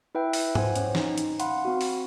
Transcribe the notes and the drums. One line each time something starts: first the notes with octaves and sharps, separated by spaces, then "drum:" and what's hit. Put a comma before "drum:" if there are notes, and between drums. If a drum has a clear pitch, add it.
E4 B4 E5 G5
drum: open hi-hat
C5 F#5 G#5, drum: tom G#2
C#4 C#5, drum: hi-hat
D#4, drum: snare
drum: hi-hat
F5 F#5 B5 C6, drum: hi-hat
C4 F#4
drum: open hi-hat